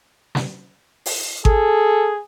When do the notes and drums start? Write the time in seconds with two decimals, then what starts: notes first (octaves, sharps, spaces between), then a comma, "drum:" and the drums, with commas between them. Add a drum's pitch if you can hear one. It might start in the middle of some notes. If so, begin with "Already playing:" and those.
0.35 drum: snare
1.06 drum: open hi-hat
1.45 G#4 A4, drum: kick G#1